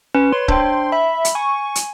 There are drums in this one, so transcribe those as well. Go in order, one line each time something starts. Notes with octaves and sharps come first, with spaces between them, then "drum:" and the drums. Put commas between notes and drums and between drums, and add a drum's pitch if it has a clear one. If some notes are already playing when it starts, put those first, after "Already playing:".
C#4 B4
C#5 C6
D4 C5 G5, drum: kick
E5 B5
drum: hi-hat
G#5 C#6
drum: hi-hat